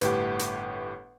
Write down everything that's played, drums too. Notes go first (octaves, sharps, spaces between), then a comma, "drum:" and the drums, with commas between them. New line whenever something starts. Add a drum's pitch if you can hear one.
G1 A2 G4 B4 F#5, drum: hi-hat
drum: hi-hat